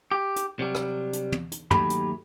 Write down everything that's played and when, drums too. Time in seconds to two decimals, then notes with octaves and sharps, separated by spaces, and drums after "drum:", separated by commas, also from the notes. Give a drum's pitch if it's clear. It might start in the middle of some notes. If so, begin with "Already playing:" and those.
0.11 G4
0.36 drum: hi-hat
0.59 C3 F#3 G3
0.75 drum: rim click
1.13 drum: hi-hat
1.32 drum: tom
1.52 drum: hi-hat
1.71 D#2 F#3 A3 G4 B5, drum: tom
1.90 drum: hi-hat